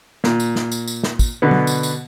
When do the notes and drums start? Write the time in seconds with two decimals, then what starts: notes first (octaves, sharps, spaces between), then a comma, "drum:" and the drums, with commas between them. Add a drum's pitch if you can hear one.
0.24 A#2, drum: snare
0.40 drum: tambourine
0.56 drum: snare
0.72 drum: tambourine
0.88 drum: tambourine
1.03 drum: snare
1.19 drum: kick, tambourine
1.42 B2 D3 B3
1.51 drum: tom
1.67 drum: tambourine
1.83 drum: tambourine